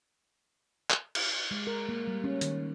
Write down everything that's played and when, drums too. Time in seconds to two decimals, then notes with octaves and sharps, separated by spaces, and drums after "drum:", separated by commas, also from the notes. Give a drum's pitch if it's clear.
0.90 drum: clap
1.15 drum: cymbal
1.51 G#3
1.67 A#4
1.89 A#3
2.07 G3
2.24 C#4
2.41 D#3, drum: hi-hat